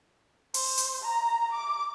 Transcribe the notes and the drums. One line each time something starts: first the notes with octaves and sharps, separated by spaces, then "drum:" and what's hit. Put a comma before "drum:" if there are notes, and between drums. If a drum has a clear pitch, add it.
C5, drum: open hi-hat
drum: hi-hat
A#5
D6